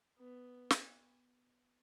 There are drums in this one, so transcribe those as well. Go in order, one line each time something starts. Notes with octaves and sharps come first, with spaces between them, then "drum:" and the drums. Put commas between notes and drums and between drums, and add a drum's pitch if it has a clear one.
B3
drum: snare